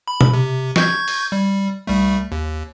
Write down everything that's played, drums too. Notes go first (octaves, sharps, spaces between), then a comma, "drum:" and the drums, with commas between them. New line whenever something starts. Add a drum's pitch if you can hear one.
B5
drum: tom
C3
C#6 G6 G#6, drum: snare
drum: open hi-hat
G3
C2 G3 A3
D#2